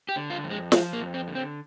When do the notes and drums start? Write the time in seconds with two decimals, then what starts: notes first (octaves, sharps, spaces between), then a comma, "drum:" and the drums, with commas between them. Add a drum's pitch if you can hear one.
0.09 G4
0.16 D3
0.30 F4
0.44 F2
0.50 G#3
0.72 F3 G#3, drum: snare
0.93 A#3
1.00 F2
1.14 C4
1.28 D3
1.35 C4